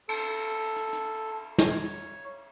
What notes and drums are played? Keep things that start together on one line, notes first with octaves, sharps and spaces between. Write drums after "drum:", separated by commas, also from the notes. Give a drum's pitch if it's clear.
A4, drum: cymbal
drum: hi-hat
drum: hi-hat
C#5, drum: snare